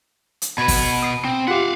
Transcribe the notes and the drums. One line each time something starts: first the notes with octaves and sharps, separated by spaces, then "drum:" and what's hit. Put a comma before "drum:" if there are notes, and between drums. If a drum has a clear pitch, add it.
drum: hi-hat
B2 B4 B5 G#6
drum: kick, open hi-hat
D#6 C7
C4
F4 G4 F5 F#5